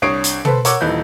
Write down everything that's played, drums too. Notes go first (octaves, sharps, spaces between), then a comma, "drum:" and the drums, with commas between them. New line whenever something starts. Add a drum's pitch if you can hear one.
C2 D4 C#5 D#6 C7 D7
drum: hi-hat
A4 B4 C5, drum: tom
A#4 C#5 F#5 D6 E6, drum: hi-hat
D#1 E3 D#4 B4 G6